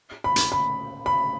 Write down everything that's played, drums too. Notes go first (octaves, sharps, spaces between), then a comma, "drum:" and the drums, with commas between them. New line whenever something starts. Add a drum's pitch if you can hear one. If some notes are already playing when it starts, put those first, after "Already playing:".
B5
drum: hi-hat
B5
B5